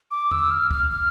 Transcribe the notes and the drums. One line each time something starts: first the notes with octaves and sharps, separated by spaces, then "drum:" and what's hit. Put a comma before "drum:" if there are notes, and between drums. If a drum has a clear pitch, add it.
D6
E6, drum: tom E2
F6
F6, drum: kick
F6